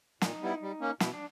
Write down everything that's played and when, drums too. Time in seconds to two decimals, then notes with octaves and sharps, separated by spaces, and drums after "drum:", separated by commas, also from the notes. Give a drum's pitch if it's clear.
0.21 A#2 D#4, drum: snare
0.42 G3 B3 E4
0.62 G3
0.80 A#3 C#4
1.00 B2 E4, drum: snare
1.13 D4